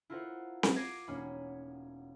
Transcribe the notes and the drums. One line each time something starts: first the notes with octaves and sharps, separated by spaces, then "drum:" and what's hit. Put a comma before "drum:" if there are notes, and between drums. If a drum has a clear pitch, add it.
E4 F4 A4 A#4 C5 F#5
drum: snare C4
D6 G#6 A#6 C7 D7 D#7
E1 A#3 C#4 D#4 B5